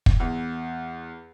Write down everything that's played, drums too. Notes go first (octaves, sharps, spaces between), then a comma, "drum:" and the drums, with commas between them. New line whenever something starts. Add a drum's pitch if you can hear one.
drum: kick
E2